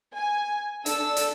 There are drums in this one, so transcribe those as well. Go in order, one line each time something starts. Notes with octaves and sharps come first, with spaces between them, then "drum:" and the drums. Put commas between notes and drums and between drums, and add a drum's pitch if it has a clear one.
G#5
D4 A4 E6, drum: hi-hat
drum: hi-hat